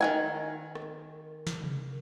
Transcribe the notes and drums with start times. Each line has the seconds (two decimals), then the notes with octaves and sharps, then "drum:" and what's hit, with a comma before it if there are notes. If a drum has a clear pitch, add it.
0.01 D#3 F#4 G#5
0.75 drum: rim click
1.47 drum: snare
1.64 drum: tom C3